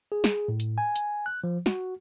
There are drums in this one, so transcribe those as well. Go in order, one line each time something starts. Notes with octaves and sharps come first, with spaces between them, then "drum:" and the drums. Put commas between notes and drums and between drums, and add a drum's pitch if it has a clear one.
G#4
drum: snare
A2
drum: hi-hat
G#5
drum: hi-hat
F#6
F3
F#4, drum: snare